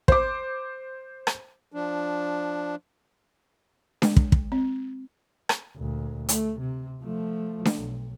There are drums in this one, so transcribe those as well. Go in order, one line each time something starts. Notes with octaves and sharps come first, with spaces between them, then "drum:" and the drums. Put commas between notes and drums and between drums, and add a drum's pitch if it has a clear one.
C5 D6, drum: kick
drum: rim click
F3 D4
G#3, drum: snare D4
drum: kick
drum: kick
C4
drum: rim click
D2 A#2
A3, drum: hi-hat
C3
F3 A3
drum: snare D4
B1